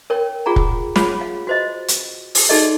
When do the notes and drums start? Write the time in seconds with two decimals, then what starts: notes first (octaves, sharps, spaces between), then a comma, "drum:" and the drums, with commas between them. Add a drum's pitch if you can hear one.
0.10 A#4 C#5 G5
0.46 F4 G#4 F#5 A#5
0.56 drum: kick
0.96 F4 G#4 C#5 F#5 B5, drum: snare
1.21 F5
1.47 F#4 C5 D#5
1.88 drum: hi-hat
2.35 drum: open hi-hat
2.49 D#4 F#4 G#4 A4 D5 D#5